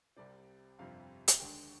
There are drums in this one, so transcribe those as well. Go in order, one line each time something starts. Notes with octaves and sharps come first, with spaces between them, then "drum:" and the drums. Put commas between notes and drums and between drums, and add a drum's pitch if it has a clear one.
C2 C3 G3 C4 D5
G1 F2 C3 G3 C4 F5
drum: hi-hat
D#2 D3 G#3 D4 G5